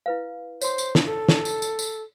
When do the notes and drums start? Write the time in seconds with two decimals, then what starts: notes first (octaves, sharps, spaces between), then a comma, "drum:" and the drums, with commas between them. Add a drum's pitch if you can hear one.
0.06 E4 B4 F5
0.61 C5 C#5 C6, drum: tambourine
0.78 drum: tambourine
0.95 drum: snare
1.06 A4
1.29 drum: snare
1.45 drum: tambourine
1.62 drum: tambourine
1.79 drum: tambourine